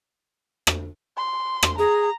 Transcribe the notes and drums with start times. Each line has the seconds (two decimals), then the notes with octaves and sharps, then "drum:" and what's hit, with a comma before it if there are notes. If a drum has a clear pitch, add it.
0.67 drum: rim click
1.17 C6
1.63 drum: rim click
1.78 G#4 A#5